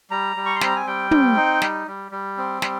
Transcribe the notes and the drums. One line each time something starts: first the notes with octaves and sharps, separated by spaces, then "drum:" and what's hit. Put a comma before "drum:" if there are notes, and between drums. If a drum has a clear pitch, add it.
G3 A#5
G3
C#6
C6
C4 A#5, drum: snare
G#5
G3 G5
C4, drum: tom
D#4
G3, drum: snare
G3
G3
C4
G3, drum: snare